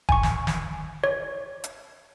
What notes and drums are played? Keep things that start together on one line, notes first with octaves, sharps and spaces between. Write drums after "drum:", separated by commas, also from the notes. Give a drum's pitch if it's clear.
G#5 C#6, drum: kick F1
drum: snare
drum: snare
C#5
drum: hi-hat